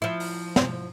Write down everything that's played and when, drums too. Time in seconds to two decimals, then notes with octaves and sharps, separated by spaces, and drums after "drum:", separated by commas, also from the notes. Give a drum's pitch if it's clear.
0.02 F3 E4
0.20 drum: open hi-hat
0.56 drum: snare